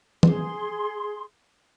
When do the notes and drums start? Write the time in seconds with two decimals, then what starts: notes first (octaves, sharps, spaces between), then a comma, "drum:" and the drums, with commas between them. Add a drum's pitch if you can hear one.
0.23 G#4 C6, drum: tom E3